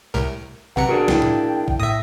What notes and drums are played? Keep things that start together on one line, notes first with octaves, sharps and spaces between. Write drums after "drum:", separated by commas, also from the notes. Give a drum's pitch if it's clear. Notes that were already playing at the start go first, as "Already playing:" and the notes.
C2 A2 A#4
B1 C3 B4 F#5 A#5 C#7
D4 F#4 G#4 A#4
C#2 A#3 E4 G5, drum: snare
drum: tom A2
drum: kick
A2 E5 D#6 A#6